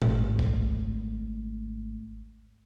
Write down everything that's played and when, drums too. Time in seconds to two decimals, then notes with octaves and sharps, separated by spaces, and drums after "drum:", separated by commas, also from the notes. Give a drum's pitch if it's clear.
0.02 G#1 D2, drum: tom A2
0.39 drum: kick